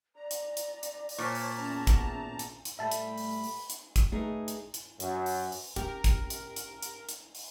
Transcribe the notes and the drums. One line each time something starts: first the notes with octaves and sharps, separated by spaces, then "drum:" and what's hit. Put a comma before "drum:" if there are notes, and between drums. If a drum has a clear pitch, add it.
D5 A#5
drum: hi-hat
drum: hi-hat
drum: hi-hat
drum: open hi-hat
A#2 C5 C#5 A5 C#6 F6 B6
drum: open hi-hat
E2 C#4 A5 A#5
drum: kick, hi-hat
drum: hi-hat
drum: hi-hat
A2 G3 A3 E5 A5 B5
drum: hi-hat
drum: open hi-hat
drum: open hi-hat
drum: hi-hat
drum: kick, hi-hat
A3 D#4 G#4 A#4 B4
drum: hi-hat
drum: hi-hat
F#2, drum: hi-hat
drum: open hi-hat
drum: open hi-hat
C#4 G4 A#4, drum: hi-hat
drum: kick, hi-hat
drum: hi-hat
drum: hi-hat
drum: hi-hat
drum: hi-hat
drum: open hi-hat